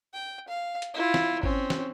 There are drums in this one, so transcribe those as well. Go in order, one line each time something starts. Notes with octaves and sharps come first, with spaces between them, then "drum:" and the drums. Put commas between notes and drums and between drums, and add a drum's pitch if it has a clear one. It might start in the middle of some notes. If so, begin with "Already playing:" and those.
G5
F5
drum: hi-hat
E4 F4
drum: snare
C4 C#4, drum: kick G1
drum: snare